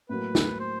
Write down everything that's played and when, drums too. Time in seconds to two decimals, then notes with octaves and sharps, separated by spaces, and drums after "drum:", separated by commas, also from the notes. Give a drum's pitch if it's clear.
0.09 A2 F#3 A#3 B4
0.35 drum: snare
0.60 C5